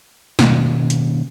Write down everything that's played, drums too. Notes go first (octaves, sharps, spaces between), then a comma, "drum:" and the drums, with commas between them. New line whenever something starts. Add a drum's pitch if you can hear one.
B2 D#3 A#3 C#4, drum: snare
drum: hi-hat